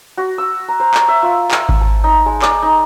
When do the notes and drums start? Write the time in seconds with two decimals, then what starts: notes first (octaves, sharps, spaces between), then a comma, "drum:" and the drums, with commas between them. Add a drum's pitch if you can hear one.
0.18 F#4
0.38 E6
0.69 A#5
0.80 C5
0.94 drum: clap
1.08 E5
1.23 F4
1.51 E5, drum: clap
1.69 drum: kick G#1
1.81 A5
2.04 D#4
2.26 G#3
2.42 D5, drum: clap
2.62 D#4